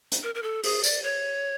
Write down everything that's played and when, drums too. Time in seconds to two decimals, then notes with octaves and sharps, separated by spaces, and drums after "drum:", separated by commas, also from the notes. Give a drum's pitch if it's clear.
0.12 drum: hi-hat
0.23 A#4
0.35 A#4
0.43 A4
0.63 G#4, drum: open hi-hat
0.84 D5, drum: tambourine
1.03 C#5